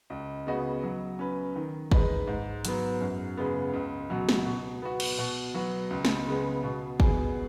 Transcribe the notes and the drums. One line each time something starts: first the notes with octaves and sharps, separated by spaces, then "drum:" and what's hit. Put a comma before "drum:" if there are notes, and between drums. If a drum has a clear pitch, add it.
C#2
C#3 B3 F#4 D#5
F#3
C#4 B4
D#3
G#3 D#4 B4, drum: kick
G#2
F#3 B3, drum: hi-hat
F#2
C#3 G#3 B3
C#2
B2 F#3
drum: snare
B2
B3 F#4
drum: cymbal
B2
F#3 B3 F#4
C#2
drum: snare
C#3 G#3 B3
B2
B3 G#4, drum: kick